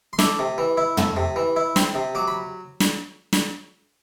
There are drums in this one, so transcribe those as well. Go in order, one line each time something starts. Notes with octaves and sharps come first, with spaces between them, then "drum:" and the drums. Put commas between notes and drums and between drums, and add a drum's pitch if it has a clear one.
C6
A3 D6, drum: snare
C3
E3
E4
A3, drum: tom
C3
E3
E4
C4 C6, drum: snare
C3
F#3 D6
B5
drum: snare
drum: snare